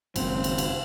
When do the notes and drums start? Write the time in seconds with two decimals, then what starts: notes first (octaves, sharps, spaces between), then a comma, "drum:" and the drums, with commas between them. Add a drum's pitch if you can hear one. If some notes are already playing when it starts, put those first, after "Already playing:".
0.16 F#1 C#2 A#2 D#3 C4, drum: cymbal
0.44 drum: cymbal
0.58 drum: cymbal